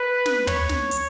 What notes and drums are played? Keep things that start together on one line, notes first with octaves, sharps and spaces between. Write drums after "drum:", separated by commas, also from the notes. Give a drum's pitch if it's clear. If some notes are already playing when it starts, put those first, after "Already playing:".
Already playing: B4
drum: snare
C#5, drum: tom
drum: snare
drum: hi-hat